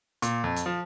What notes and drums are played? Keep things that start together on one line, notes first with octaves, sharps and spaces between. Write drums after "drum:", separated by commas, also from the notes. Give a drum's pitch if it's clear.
A#2, drum: hi-hat
F2
drum: hi-hat
F3